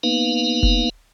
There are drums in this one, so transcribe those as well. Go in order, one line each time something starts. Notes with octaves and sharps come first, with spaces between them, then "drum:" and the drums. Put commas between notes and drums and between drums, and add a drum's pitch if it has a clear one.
A#3 B3 D#4 B4 F5
drum: kick F1